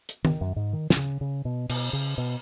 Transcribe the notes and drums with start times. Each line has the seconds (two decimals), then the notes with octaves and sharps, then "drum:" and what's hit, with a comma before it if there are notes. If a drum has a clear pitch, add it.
0.09 drum: hi-hat
0.25 D#3, drum: tom D#3
0.41 F#2
0.56 G#2
0.73 D#3
0.90 D#3, drum: snare
0.97 C#3
1.21 C#3
1.45 B2
1.69 B2, drum: cymbal
1.93 C#3
2.18 B2